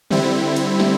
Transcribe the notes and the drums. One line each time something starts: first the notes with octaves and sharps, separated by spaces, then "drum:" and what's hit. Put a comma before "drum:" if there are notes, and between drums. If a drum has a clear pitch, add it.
D3 G3 C4 E4, drum: tom C#3
drum: hi-hat
drum: snare